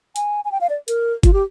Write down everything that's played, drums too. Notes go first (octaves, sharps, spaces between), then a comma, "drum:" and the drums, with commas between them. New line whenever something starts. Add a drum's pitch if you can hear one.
G#5, drum: hi-hat
G#5
G5
F5
D5
A#4, drum: hi-hat
F4, drum: kick G1, hi-hat
G4